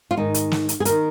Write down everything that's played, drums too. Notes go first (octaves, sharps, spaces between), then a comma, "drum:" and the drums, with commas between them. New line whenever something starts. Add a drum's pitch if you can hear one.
F4
G#2 D#3 D#4
drum: hi-hat
drum: snare
drum: hi-hat
G#4
D#3 A#4, drum: hi-hat